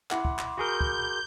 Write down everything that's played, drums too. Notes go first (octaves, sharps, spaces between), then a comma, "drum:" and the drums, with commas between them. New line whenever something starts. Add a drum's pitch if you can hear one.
E4 F#5 B5 C6 D6, drum: clap
drum: kick
drum: clap
F#4 G#4 A#4 G6
drum: kick